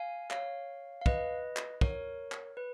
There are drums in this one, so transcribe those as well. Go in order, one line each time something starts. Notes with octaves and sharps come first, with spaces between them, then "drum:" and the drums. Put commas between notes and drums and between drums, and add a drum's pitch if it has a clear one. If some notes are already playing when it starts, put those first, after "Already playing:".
Already playing: F5 G#5
C#5 F5, drum: clap
F5
B4 D#5, drum: kick
drum: clap
A#4 C#5, drum: kick
drum: clap
B4